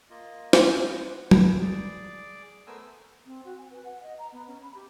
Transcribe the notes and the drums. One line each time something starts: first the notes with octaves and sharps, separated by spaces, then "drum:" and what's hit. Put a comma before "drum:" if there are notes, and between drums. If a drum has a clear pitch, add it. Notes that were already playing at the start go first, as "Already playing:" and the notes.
A#3 F4 D#5
drum: snare
B3 F4 D#5 G#5
F#5
B4 C5, drum: tom
G#4 D5 D6
A3 B3 A#4 C5 G#5 E6
C4
F#4
G#5
B4
F#5
D#5
A#5
B3
C#4
B5
G4